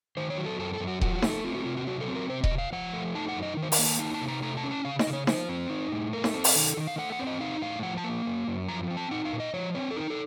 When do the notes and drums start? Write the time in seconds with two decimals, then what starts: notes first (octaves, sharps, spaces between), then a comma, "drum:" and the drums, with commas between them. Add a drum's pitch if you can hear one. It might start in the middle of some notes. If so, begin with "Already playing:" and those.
0.17 D#3 C5
0.30 C#5
0.38 F#3
0.45 A4
0.59 F#2 A4
0.73 A4
0.80 F#2
0.88 F#4
1.01 F3 F#4, drum: kick D#1
1.16 F#4
1.22 A3, drum: snare D#4
1.30 A4
1.44 C4 F4
1.55 F#4
1.65 C3 F4
1.77 F#4
1.87 F#3 F#4
2.01 A4
2.08 C4
2.16 A#4
2.30 C3 C5
2.44 D#5, drum: kick D#1
2.50 C3
2.58 F5
2.72 F3 F#5
2.93 A3
3.15 D#4 A5
3.29 F#5
3.36 F#2
3.42 D#5
3.57 D#3
3.62 C5
3.72 A#4, drum: open hi-hat
3.79 A#3
3.86 A5
3.99 D#4 A5
4.14 A5
4.21 C3
4.28 A#5
4.42 A3 A#5
4.57 A5
4.64 C#4
4.71 A5
4.85 C#3 F5
4.99 D#5, drum: snare D#4
5.07 C#3
5.13 C#5
5.27 F3 C5, drum: snare D#4
5.49 C4
5.70 D#4
5.92 A2
6.13 A3 A#4
6.24 drum: snare D#4
6.34 C4 A4
6.44 drum: open hi-hat
6.56 D#3
6.77 D#3
6.87 F5
6.98 A3 F#5
7.12 F#5
7.19 C4 C#5
7.27 D#5
7.41 D#4 F5
7.61 A2 F5
7.83 F3 F#5
7.97 A5
8.04 A#3
8.25 F#2
8.47 F#2
8.68 F3 A#5
8.90 C4
8.97 A5
9.11 D#4 F#5
9.25 F5
9.33 A#2
9.40 D#5
9.54 F3 C#5
9.75 C4 C#5
9.91 A4
9.97 D#4 A#4
10.10 A4